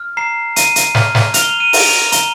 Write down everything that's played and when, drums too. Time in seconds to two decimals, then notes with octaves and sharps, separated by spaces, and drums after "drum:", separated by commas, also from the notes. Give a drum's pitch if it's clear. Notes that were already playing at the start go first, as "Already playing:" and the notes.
Already playing: F6
0.17 A#5 C7
0.56 A#5 D#7, drum: hi-hat
0.76 drum: hi-hat
0.95 F6, drum: snare
1.15 drum: snare
1.34 F6 F7, drum: hi-hat
1.42 G7
1.49 F7
1.60 D#7
1.73 A#5, drum: open hi-hat
1.86 F7
2.12 A#5 G7, drum: hi-hat